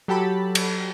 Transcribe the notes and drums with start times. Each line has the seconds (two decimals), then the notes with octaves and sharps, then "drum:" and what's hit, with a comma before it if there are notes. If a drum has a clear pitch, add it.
0.08 F#3 G4 A4 A5 B5
0.55 drum: cymbal